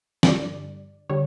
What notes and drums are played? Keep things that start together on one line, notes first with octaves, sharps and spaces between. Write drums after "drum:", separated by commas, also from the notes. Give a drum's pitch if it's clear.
G2 D3 G3 D5, drum: snare
D3 G3 C#5